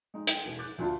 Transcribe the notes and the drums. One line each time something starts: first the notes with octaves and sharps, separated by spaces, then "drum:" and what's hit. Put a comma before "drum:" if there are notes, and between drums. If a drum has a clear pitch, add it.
G#3 D#4
D#5 G5, drum: hi-hat
E1
D6 F#6 G6 A6
D2 A#2 D4 F4 A5